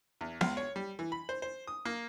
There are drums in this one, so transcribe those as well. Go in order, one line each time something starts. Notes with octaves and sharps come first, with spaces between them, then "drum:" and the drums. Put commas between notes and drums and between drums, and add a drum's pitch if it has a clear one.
E2
C#2, drum: snare B3
C#5
G3
E3
B5
C5
C5
D#6
A#3